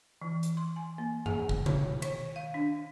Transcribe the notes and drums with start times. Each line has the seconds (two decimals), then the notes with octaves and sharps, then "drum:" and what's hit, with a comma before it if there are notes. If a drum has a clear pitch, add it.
0.22 E3
0.43 drum: hi-hat
0.57 C6
0.76 G#5
0.98 A#3
1.26 G#4, drum: tom F#2
1.49 drum: kick
1.66 C#5, drum: tom B2
2.02 D#3, drum: cymbal
2.36 F5
2.54 D4